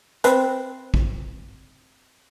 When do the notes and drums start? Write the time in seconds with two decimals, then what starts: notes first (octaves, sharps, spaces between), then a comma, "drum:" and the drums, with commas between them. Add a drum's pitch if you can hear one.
0.24 C4 B4, drum: hi-hat
0.94 drum: kick